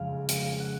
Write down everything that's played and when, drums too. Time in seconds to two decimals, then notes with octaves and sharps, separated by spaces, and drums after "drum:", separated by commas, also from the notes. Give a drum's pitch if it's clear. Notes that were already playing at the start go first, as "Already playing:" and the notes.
Already playing: F2 C#3 G#3 F5
0.29 F5, drum: hi-hat
0.60 F#5